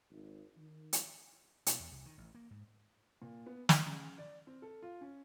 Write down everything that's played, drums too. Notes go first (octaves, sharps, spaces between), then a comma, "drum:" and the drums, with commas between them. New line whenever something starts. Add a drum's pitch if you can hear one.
G#1
D#3
drum: hi-hat
B2, drum: hi-hat
E2
C2
D#3
A1
A#3
G#2
A#2
B3
F6, drum: snare
C#3
D5
C4
A4
F4
C#4